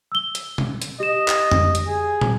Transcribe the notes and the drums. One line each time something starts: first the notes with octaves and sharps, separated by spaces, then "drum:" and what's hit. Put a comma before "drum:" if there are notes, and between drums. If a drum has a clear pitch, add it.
E6 G7
drum: hi-hat
drum: tom B2
drum: hi-hat
G4 D#5 E7
drum: clap
drum: tom F2
drum: hi-hat
G#4
drum: tom